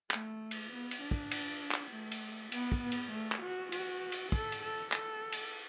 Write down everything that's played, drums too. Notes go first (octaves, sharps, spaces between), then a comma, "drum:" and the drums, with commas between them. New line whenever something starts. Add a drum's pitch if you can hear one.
A3, drum: clap
drum: cymbal
B3
drum: cymbal
D4
drum: kick
drum: cymbal
drum: clap
A3
drum: cymbal
B3, drum: cymbal
drum: kick
B3
drum: cymbal
A3
drum: clap
F#4
F#4, drum: cymbal
drum: cymbal
A4, drum: kick
drum: cymbal
A4
A4, drum: clap
drum: cymbal